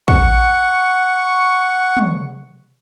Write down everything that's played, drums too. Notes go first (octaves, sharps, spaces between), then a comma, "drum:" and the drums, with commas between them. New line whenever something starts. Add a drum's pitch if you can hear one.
F#5 C#6, drum: kick
drum: tom